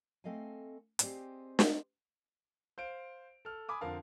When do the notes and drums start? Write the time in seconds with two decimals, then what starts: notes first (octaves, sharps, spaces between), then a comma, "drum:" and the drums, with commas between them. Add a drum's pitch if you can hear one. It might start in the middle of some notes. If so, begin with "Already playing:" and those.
0.24 A3 C4 A4 D#5 F5 G#5
0.99 C4 G4 G#4 C5 D5 D#5, drum: hi-hat
1.59 drum: snare
2.78 C5 F5 D7
3.45 A4 F6
3.69 G#5 B5 D6 D#6
3.81 F2 D3 F3 A#4 F5 A5